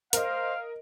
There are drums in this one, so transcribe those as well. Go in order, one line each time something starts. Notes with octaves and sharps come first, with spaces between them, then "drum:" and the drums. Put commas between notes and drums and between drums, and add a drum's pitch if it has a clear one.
A#4 C5 D#5 F5, drum: hi-hat